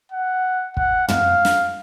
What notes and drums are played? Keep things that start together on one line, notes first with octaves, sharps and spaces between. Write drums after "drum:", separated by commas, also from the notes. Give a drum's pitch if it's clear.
F#5
F#5, drum: kick
F5, drum: tom
drum: snare